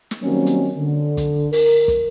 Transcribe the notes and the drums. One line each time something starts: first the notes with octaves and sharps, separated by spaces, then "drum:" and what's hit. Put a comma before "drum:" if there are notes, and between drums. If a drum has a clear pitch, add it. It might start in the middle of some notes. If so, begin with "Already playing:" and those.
drum: snare
D#3 F#3 G3 A#3 C4 C#4
drum: hi-hat
D3
drum: kick, hi-hat
A#4, drum: open hi-hat
drum: kick, hi-hat